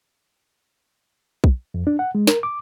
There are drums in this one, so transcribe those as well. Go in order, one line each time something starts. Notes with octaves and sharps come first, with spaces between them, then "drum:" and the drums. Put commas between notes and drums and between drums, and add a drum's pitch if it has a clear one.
drum: kick B1
F2
D4
F#5
G#3
A#4, drum: snare
D6